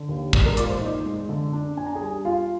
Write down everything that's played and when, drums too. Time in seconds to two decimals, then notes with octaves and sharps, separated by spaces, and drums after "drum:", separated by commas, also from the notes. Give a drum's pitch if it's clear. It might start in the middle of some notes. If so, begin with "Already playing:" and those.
Already playing: D3
0.09 D#2
0.33 G#3 D5, drum: kick
0.45 A#4 A#5
0.57 A#2 D5 D6, drum: hi-hat
0.69 C5 C6
0.81 D#4
1.05 G#3
1.29 D3
1.53 D4
1.77 D4 G#5
1.87 A#5
1.95 G#4 G#5
2.01 G3
2.25 F4 F5